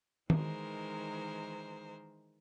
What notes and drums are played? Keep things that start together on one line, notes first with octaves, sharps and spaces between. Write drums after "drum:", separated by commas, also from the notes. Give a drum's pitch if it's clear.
D#3 E3 G#3 A#4 C5, drum: tom D#3